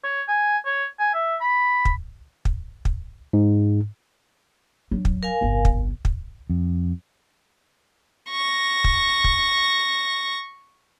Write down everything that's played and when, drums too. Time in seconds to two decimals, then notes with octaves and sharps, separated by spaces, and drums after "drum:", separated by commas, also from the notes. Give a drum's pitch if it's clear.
0.04 C#5
0.28 G#5
0.65 C#5
0.99 G#5
1.14 E5
1.41 B5
1.85 drum: kick
2.45 drum: kick
2.85 drum: kick
3.33 G#2
4.91 F#3 D4
5.05 drum: kick
5.23 A#4 F5 G#5
5.41 G1 C2
5.65 drum: kick
6.05 drum: kick
6.50 F2
8.30 C#6 A#6
8.84 drum: kick
9.24 drum: kick